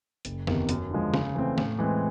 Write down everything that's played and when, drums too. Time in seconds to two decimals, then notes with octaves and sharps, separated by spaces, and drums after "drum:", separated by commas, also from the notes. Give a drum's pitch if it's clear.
0.25 F#1, drum: hi-hat
0.47 E2 C3 D#3, drum: snare
0.69 F#2, drum: hi-hat
0.91 D3 F3 G#3
1.14 C#3, drum: snare
1.35 E3 A3 C4
1.58 A2, drum: snare
1.79 E3 G#3 C4